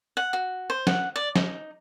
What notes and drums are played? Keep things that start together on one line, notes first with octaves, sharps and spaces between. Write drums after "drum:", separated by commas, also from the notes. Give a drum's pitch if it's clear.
F#5
F#4
C5
F#5, drum: snare
D5
D#4, drum: snare